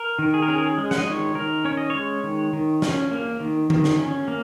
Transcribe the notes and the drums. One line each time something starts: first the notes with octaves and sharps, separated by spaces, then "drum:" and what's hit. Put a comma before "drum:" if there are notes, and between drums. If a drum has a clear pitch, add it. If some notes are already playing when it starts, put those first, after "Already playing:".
Already playing: A#4
D#3
G#4
A#4
C#4 G#4
A#4
G#4
G#3
F#5, drum: snare
D#5
D#3 C#5
D#3 A#4
C#4 C#5
D#5
G#3 C#5
D#3
D#3
C#4, drum: snare
A#3
D#3
D#3, drum: tom D3
drum: snare
C#4
A#3